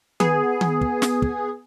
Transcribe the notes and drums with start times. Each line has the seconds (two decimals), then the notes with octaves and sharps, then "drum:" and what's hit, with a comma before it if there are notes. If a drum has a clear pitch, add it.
0.20 B3 G#4, drum: tom D#3
0.61 drum: tom D#3
0.81 drum: kick
1.02 drum: snare
1.22 drum: kick